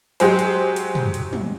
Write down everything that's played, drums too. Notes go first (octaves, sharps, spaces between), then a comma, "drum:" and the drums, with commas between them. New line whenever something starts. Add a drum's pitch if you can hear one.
F#3 G#3 G4 G#4 C5, drum: hi-hat
drum: hi-hat
drum: hi-hat
drum: tom
drum: hi-hat
drum: tom